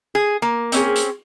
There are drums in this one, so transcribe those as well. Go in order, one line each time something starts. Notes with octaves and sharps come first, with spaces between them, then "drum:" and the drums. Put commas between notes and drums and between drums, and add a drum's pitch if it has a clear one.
G#4
A#3
C4 C#4 G#4, drum: hi-hat
drum: hi-hat